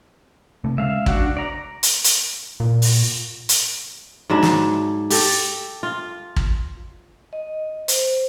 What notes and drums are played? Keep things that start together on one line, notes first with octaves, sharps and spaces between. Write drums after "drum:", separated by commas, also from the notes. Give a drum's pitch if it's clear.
C3 A3
C#3 G#3 E5 F5
D4 F#4 F#5, drum: kick
D5 A#5
drum: hi-hat
drum: hi-hat
A#2
drum: open hi-hat
drum: hi-hat
G#2 F#3 D4 E4
drum: snare
G4 A4, drum: open hi-hat
F4
drum: kick
D#5
C5, drum: hi-hat